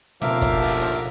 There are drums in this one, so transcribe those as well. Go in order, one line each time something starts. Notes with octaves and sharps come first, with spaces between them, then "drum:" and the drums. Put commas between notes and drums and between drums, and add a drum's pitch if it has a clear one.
D#2 B2 D3 F3 A#4 E5 F5 D6, drum: snare
drum: kick, hi-hat
drum: open hi-hat
drum: hi-hat